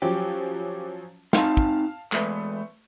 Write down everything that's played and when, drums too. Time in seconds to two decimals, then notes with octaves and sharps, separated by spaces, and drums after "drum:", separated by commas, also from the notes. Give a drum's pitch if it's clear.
0.02 F3 F#3 C#4 G4
1.33 C4 D#4 F5 A5 C6, drum: snare
1.57 drum: kick
2.12 E3 G#3 A3 B4, drum: clap